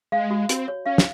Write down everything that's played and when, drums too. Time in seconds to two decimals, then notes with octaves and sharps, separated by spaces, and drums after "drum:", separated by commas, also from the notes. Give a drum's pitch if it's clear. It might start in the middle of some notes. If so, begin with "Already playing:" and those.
0.12 G#3 F5
0.31 F#4
0.49 C4 F#4, drum: hi-hat
0.68 C#5
0.86 C#4 F5
0.98 drum: snare